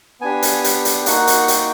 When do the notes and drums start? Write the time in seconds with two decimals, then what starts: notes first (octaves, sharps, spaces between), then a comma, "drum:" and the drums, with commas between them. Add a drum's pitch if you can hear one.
0.21 B3 D4 G4 G#5
0.43 drum: hi-hat
0.64 G5, drum: hi-hat
0.85 drum: hi-hat
1.06 A#3 D#4 F#4 F#5, drum: hi-hat
1.27 drum: hi-hat
1.48 G5, drum: hi-hat